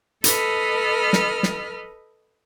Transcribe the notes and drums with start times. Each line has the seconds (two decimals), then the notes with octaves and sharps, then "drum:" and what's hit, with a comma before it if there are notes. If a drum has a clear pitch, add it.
0.24 A4 B4 D#5 B5 F6, drum: hi-hat
1.13 drum: snare
1.43 drum: snare